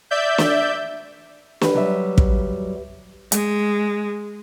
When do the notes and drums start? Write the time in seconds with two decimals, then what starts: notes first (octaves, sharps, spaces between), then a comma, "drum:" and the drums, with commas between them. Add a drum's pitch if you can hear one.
0.11 D5 E5 G6
0.38 drum: snare
1.61 G4 B4, drum: snare
1.75 F#3 G3 E5
2.18 drum: kick
3.32 G#3, drum: hi-hat